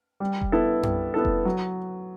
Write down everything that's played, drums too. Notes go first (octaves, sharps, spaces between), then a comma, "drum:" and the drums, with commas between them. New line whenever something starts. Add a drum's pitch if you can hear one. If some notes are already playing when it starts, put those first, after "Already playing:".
G3
drum: kick F1
B3 E4 A4
G3, drum: tom F#2
B3 E4 A4
drum: kick F1
F#3